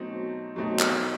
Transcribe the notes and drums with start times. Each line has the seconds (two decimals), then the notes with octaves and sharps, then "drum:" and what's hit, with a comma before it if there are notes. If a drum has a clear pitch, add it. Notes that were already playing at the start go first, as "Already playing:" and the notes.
Already playing: B2 F#3 A3 C4 D#4
0.56 B2 F#3 A3 C4 D#4
0.79 drum: clap